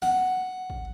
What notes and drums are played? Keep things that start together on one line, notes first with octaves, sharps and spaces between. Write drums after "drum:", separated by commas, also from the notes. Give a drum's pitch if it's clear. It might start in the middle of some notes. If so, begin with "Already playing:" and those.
F#5, drum: snare
drum: kick